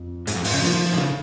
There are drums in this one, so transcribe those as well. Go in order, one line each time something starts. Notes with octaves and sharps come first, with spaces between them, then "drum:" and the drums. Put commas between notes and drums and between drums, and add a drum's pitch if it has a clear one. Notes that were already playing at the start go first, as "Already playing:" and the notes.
Already playing: F2 F3
G#2, drum: hi-hat
F2
G#2, drum: open hi-hat
C#3
D#3 F3 A#3 F4
F3
F3
A#2
C#3, drum: snare